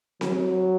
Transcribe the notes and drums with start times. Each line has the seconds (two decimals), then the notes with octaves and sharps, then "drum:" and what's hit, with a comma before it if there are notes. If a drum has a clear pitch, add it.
0.21 F#3, drum: snare C4